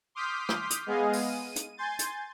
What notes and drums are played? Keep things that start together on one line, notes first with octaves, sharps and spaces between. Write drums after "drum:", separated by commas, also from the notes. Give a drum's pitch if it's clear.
C6 D6 D#6 F6 G6 B6
drum: rim click
drum: hi-hat
G#3 B3 G#4 D#5 F5 G#5
drum: open hi-hat
D#7
drum: hi-hat
G#5 C6 G6 A6
drum: hi-hat